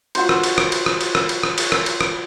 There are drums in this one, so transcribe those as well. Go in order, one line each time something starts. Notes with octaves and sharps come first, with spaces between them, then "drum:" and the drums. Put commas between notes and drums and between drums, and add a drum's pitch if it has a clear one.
F4 F#4 C5, drum: cymbal
drum: rim click
drum: cymbal
drum: rim click
drum: cymbal
drum: rim click
drum: cymbal
drum: rim click
drum: cymbal
drum: rim click
drum: cymbal
drum: rim click
drum: cymbal
drum: rim click